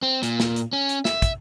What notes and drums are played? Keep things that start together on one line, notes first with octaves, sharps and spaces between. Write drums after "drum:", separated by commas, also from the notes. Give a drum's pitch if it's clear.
C4
A#2, drum: hi-hat
drum: snare
drum: hi-hat
C#4
drum: hi-hat
E5, drum: snare
drum: kick, hi-hat